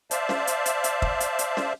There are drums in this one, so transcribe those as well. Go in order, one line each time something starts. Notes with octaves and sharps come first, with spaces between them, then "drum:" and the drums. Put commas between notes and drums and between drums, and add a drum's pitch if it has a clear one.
C5 D5 E5 F5 A5, drum: hi-hat
drum: snare
drum: hi-hat
drum: hi-hat
drum: hi-hat
drum: kick
drum: hi-hat
drum: hi-hat
drum: snare